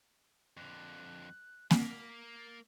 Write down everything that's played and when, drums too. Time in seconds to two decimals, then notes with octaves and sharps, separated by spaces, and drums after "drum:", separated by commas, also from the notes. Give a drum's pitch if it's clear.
0.57 F2 D3 F#6
1.71 A#3 B6, drum: snare A#3
2.38 A6